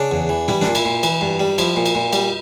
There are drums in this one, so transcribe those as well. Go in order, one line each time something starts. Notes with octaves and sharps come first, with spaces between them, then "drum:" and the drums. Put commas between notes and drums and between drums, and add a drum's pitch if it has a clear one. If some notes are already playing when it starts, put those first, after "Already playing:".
Already playing: C#3 D4
E2
E3
G3 E4, drum: tom
A#2 D4, drum: snare
E4, drum: cymbal
A#2
E3, drum: cymbal
G2
G3
F3 E4, drum: cymbal
A#2
drum: cymbal
A#2
G3, drum: cymbal